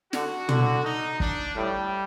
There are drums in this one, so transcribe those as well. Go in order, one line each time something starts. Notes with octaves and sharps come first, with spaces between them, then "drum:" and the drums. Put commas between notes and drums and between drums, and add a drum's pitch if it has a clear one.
D3 F#4, drum: snare
D3, drum: tom
D#4
D4, drum: kick
A2 G3